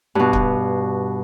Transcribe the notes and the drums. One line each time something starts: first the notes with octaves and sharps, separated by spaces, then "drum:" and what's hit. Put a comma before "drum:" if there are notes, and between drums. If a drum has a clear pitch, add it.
G2 B2
drum: kick